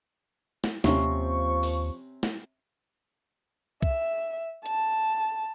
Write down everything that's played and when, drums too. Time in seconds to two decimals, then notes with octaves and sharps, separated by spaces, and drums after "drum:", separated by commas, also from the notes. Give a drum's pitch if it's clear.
0.64 drum: snare
0.84 D#2 C3 F3 C4 C#4 C#6, drum: snare
1.63 drum: open hi-hat
2.23 drum: snare
3.82 E5, drum: kick C2
4.66 A5, drum: hi-hat